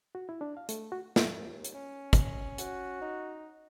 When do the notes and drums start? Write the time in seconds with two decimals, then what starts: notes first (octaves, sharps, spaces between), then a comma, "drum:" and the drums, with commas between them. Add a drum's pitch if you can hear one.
0.15 F#4
0.29 E4
0.41 D4
0.57 F5
0.69 A3, drum: hi-hat
0.92 F#4
1.16 drum: snare
1.37 D#2
1.65 drum: hi-hat
1.74 C#4
2.13 drum: kick, hi-hat
2.58 F#4, drum: hi-hat
3.02 D#4